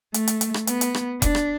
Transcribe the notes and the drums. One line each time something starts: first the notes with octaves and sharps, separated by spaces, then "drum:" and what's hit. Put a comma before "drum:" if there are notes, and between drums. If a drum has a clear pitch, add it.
A3, drum: hi-hat
drum: hi-hat
drum: hi-hat
drum: rim click
B3, drum: hi-hat
drum: hi-hat
drum: rim click
D4, drum: kick F1, hi-hat
drum: rim click